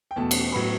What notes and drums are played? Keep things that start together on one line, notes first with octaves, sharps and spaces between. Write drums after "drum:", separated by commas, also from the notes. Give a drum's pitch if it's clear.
G5
E2 B2 A3 A5
drum: cymbal
A2 F#3 B3 B5